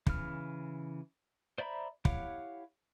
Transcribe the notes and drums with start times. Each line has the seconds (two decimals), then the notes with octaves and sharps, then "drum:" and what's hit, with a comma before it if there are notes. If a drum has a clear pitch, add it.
0.07 C#3 E3 F6, drum: kick
1.58 C5 D5 E5 A#5 B5
2.05 E4 G4 C#5 F5 F#5, drum: kick